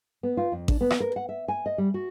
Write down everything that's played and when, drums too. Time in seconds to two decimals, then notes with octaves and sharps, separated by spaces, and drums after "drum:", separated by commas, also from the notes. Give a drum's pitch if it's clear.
0.23 B3
0.37 F4
0.52 F2
0.68 D4, drum: kick A1
0.81 B3
0.91 drum: rim click
1.00 A#4
1.16 F#5
1.29 E5
1.48 G#5
1.66 D#5
1.78 G3
1.94 F#4